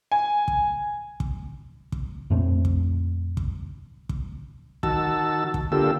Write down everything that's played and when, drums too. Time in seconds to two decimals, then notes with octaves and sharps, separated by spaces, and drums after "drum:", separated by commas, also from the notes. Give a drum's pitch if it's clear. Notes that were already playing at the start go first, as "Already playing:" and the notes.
0.12 G#5
0.48 drum: kick
1.20 drum: kick
1.92 drum: kick
2.30 F2 A#2 A3 C4
2.65 drum: kick
3.37 drum: kick
4.09 drum: kick
4.83 D#3 F#4 A5 E6, drum: kick
5.54 drum: kick
5.72 D3 A#3 F4 G4 A4 E6